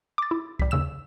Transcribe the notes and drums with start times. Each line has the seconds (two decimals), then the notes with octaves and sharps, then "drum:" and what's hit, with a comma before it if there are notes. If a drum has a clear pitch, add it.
0.18 D6 A6
0.31 E4
0.59 G3 B6, drum: kick C2
0.71 D#2 C#3 E6 E7